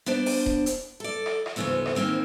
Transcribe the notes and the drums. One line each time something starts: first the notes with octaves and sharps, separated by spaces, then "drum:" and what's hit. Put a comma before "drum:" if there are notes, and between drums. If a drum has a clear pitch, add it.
B3 D4 C5 D5
drum: open hi-hat
drum: kick D#1
drum: hi-hat
A4 D5
drum: rim click
drum: rim click
D2 G#2 C#3 E3 A3 B3
drum: rim click
D#3 E3 A#3 C4 C#4